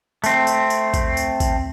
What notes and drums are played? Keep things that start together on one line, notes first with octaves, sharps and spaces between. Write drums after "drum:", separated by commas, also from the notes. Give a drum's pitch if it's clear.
A3 C4, drum: tambourine
drum: tambourine
drum: tambourine
drum: kick, tambourine
drum: tambourine
drum: kick, tambourine